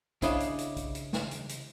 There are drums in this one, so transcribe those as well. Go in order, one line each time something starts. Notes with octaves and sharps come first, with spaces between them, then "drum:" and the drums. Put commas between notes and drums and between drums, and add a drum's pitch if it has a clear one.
C#3 D4 E4 C#5 D#5 F5, drum: kick B1, hi-hat
drum: hi-hat
drum: hi-hat
drum: kick B1, hi-hat
drum: hi-hat
drum: snare
drum: hi-hat
drum: hi-hat